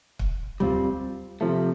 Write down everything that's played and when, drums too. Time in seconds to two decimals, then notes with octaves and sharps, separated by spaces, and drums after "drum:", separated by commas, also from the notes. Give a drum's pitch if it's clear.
0.19 drum: kick
0.60 G3 C4 F4, drum: tom
1.41 C3 F3 A3